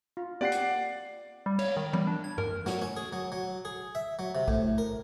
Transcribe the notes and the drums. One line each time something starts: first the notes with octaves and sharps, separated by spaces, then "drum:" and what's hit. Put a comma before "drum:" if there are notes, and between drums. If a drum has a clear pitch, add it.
F4
A#3 C4 G4 D5 F#5 C7
drum: hi-hat
G3
C#5, drum: cymbal
D#3
G3, drum: tom E3
D4
G#6
A#4, drum: tom F#2
F#3, drum: snare
C#4
G#4
F#3
F#3
G#4
E5
F#3
C3
A2, drum: kick A#1
A#4